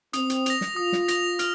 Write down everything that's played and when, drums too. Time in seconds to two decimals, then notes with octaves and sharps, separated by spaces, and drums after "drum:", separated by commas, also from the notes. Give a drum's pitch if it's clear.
0.13 C4 D#6, drum: hi-hat
0.30 drum: hi-hat
0.46 A#6 F7, drum: hi-hat
0.61 drum: snare
0.76 F4 D#6
0.92 drum: snare
1.08 A#6 F7, drum: hi-hat
1.39 F6, drum: hi-hat